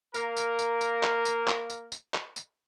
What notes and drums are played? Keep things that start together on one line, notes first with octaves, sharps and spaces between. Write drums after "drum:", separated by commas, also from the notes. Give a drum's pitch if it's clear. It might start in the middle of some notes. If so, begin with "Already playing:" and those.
A#3 A#4, drum: tambourine
drum: tambourine
drum: tambourine
drum: tambourine
drum: clap
drum: tambourine
drum: clap
drum: tambourine
drum: tambourine
drum: clap
drum: tambourine